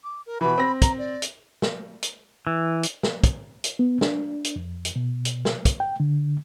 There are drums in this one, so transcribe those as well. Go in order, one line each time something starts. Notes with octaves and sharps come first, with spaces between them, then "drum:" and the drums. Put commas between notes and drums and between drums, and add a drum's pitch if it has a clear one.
D6
A#4
B2 E3 B5
C4 A#6
A#5, drum: kick, hi-hat
D5
drum: hi-hat
drum: snare
drum: hi-hat
E3
drum: hi-hat
drum: snare
drum: kick, hi-hat
drum: hi-hat
B3
D4, drum: snare
drum: hi-hat
F2
drum: hi-hat
B2
drum: hi-hat
drum: snare
drum: kick, hi-hat
G5
D3